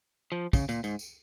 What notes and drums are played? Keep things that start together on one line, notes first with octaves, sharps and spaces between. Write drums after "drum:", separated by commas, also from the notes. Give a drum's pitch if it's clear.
F3
C#3, drum: kick, tambourine
A#2, drum: tambourine
G#2, drum: tambourine
drum: tambourine